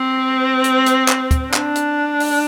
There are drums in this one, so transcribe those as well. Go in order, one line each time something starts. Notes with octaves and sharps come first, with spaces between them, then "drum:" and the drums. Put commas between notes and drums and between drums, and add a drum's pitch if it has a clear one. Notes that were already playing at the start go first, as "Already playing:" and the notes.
Already playing: C4
drum: hi-hat
drum: hi-hat
drum: clap
drum: kick, hi-hat
D4, drum: clap
drum: hi-hat
drum: open hi-hat